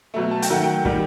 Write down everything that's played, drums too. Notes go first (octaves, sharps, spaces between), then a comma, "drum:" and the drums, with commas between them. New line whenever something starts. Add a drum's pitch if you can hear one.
B2 F#3 A3
A5
G5, drum: hi-hat
D#3 F#3 A3 F#5
G5
D#3 G3, drum: kick